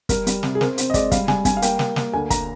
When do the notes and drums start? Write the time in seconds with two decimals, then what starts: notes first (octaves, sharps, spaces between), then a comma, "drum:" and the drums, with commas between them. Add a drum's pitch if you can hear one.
0.09 G3 A#4, drum: kick, hi-hat
0.27 G3, drum: hi-hat
0.43 C3, drum: snare
0.55 G#4
0.61 C4 A#4, drum: snare
0.78 C4, drum: hi-hat
0.90 D#5
0.94 G#3 D5, drum: kick, hi-hat
1.12 G3 F5, drum: kick, hi-hat
1.28 G3 G#5, drum: snare
1.45 G3 G#5, drum: kick, hi-hat
1.57 F5
1.62 A#3 G5, drum: hi-hat
1.79 A#3, drum: snare
1.96 A#3, drum: snare
2.13 D2 G#5
2.30 A#5, drum: kick, hi-hat